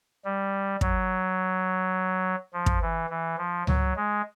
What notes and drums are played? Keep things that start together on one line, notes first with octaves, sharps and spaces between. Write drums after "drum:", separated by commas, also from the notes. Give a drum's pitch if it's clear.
G3
F#3, drum: kick
F3
drum: kick
E3
E3
F3
F#3, drum: tom C#2
G#3